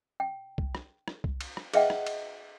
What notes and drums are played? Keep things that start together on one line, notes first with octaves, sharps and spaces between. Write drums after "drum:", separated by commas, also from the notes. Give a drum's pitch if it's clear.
G5
drum: kick C2
drum: rim click
drum: rim click
drum: kick C2
drum: cymbal
drum: rim click
G#4 B4 D#5 E5 F#5 G5, drum: cymbal
drum: rim click
drum: cymbal